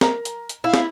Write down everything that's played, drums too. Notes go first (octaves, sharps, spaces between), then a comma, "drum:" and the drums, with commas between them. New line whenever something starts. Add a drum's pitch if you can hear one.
A#4 A#5, drum: snare
drum: hi-hat
drum: hi-hat
E4 F5
drum: snare